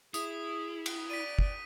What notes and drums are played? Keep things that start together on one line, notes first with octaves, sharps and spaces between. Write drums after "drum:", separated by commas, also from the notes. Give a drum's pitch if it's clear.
E4 G#4 D#6, drum: tambourine
drum: cymbal
D5 B6 D#7
drum: kick